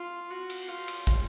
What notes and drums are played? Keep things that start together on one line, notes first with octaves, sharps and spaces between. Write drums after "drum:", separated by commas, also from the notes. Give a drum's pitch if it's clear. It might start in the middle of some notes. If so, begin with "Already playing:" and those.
Already playing: F4
F#4
drum: cymbal
F4
drum: cymbal
drum: kick